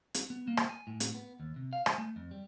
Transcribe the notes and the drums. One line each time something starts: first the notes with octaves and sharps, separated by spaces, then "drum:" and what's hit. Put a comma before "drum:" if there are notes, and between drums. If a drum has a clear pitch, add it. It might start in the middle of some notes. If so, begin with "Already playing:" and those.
drum: hi-hat
B3
A#3
drum: rim click
G#5
A2
drum: hi-hat
B3
D#2
C3
F5
G#5, drum: rim click
A3
F2
G3